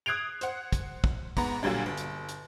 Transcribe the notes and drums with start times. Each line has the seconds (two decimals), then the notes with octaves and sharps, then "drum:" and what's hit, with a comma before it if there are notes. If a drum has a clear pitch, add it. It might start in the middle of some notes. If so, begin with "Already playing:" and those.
0.06 D#6 F#6 G#6 C7 D7 F7
0.41 C5 F#5, drum: hi-hat
0.73 drum: kick, hi-hat
1.04 drum: kick
1.37 G#2 B3 A#5, drum: kick, open hi-hat
1.63 A#2 D3 F#3 G3 D4
1.86 G1
1.97 drum: hi-hat
2.29 drum: hi-hat